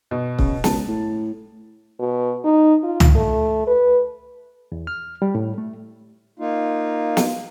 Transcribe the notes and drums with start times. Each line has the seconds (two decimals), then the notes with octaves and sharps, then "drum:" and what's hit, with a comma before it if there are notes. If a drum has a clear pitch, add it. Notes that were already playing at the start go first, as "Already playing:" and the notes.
0.11 B2
0.39 C#3, drum: kick C#1
0.64 C#2 A5, drum: snare
0.88 A2
1.99 B2
2.44 D#4
2.83 F4
3.00 drum: tom
3.15 A3
3.67 B4
4.72 E2
4.87 F6
5.22 G3
5.35 A2
5.58 A3
6.39 A#3 D#4 F4
7.17 drum: snare